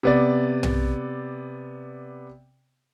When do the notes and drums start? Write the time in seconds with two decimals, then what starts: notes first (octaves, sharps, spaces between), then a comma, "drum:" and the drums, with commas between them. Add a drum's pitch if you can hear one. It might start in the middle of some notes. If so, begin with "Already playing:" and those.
0.03 C3 B3 D5
0.63 drum: tom B1